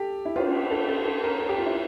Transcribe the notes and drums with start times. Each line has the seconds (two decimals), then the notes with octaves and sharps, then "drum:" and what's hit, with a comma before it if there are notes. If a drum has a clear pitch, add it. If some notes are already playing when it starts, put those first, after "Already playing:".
Already playing: G4 A4
0.25 E4
0.36 F4, drum: cymbal
0.71 A4
0.88 A4
1.06 A4
1.24 A#4
1.40 A4
1.49 G4
1.58 F4
1.66 E4